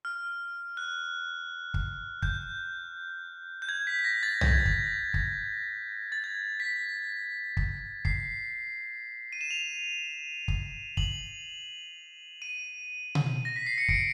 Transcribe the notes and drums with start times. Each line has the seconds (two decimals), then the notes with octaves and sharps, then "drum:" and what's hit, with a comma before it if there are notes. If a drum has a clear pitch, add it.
0.05 F6
0.77 F#6
1.74 drum: kick
2.22 G6, drum: kick
3.62 G6
3.69 G#6
3.87 B6
3.99 B6
4.04 A#6
4.23 A6
4.41 G#6, drum: tom B1
4.65 drum: kick
5.14 drum: kick
6.12 A6
6.24 G#6
6.60 B6
7.57 drum: kick
8.05 C7, drum: kick
9.32 D#7
9.41 E7
9.51 F7
10.48 drum: kick
10.97 F#7, drum: kick
12.42 D#7
13.15 drum: tom B2
13.45 A#6
13.56 B6
13.66 C7
13.78 C#7
13.89 D7, drum: kick